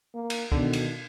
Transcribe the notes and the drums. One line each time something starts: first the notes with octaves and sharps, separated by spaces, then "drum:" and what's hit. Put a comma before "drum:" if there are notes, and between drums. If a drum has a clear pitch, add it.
A#3
drum: cymbal
B2 D3 D#3, drum: kick
drum: cymbal